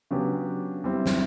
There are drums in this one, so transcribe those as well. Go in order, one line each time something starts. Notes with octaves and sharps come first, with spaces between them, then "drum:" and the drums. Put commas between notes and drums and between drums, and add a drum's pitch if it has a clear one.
C#3 F#3 B3 D4 G4
G3 C4 E4
drum: snare